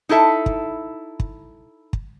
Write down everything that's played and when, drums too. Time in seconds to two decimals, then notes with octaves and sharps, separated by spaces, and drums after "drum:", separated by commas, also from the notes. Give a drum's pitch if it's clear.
0.09 D#4 E4 A4 E5
0.46 drum: kick
1.20 drum: kick
1.93 drum: kick